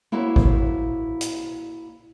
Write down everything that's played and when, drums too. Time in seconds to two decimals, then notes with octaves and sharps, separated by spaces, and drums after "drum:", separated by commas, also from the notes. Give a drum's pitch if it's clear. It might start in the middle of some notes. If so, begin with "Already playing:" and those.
0.12 A#3 E4 F#4 C5 C#5
0.36 drum: kick G#1
1.21 drum: hi-hat